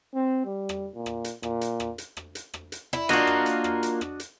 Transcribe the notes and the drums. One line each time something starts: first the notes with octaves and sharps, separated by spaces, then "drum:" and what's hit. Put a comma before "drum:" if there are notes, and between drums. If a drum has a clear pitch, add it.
C4
G3
drum: rim click
A#2
drum: rim click
drum: hi-hat
A#2, drum: rim click
drum: hi-hat
drum: rim click
drum: hi-hat
drum: rim click
drum: hi-hat
drum: rim click
drum: hi-hat
E4, drum: rim click
A#3 D4 F4 F#4 D#5, drum: hi-hat
drum: rim click
drum: hi-hat
drum: rim click
drum: hi-hat
drum: rim click
drum: hi-hat